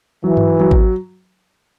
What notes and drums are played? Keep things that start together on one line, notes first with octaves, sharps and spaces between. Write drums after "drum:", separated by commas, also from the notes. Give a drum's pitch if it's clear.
E3 F#3
drum: tom G2
F#3
drum: kick G#1